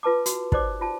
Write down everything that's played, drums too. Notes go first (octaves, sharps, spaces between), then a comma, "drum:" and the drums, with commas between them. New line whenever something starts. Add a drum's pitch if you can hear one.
F4 B4 A5 D6
F#4, drum: hi-hat
D#4 G4 C5 D5 D6, drum: kick
F4 A5